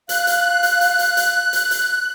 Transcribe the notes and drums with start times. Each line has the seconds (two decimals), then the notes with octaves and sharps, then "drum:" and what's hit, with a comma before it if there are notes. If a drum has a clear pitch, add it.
0.09 F5 F#6, drum: hi-hat
0.27 drum: hi-hat
0.63 drum: hi-hat
0.81 drum: hi-hat
0.99 drum: hi-hat
1.17 drum: hi-hat
1.53 drum: hi-hat
1.71 drum: hi-hat